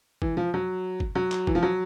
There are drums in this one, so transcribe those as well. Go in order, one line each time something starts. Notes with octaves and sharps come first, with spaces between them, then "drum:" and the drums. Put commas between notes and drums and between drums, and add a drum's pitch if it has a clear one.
E3, drum: kick G1
F3
F#3
drum: kick G1
F#3
drum: clap
E3, drum: kick G1
F3
F#3